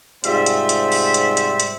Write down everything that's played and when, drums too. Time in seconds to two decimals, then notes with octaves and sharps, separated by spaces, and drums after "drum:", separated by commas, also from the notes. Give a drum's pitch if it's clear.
0.24 G#2 C3 G3 F4 C5 E5, drum: hi-hat
0.46 drum: hi-hat
0.69 drum: hi-hat
0.92 drum: open hi-hat
1.14 drum: hi-hat
1.37 drum: hi-hat
1.60 drum: hi-hat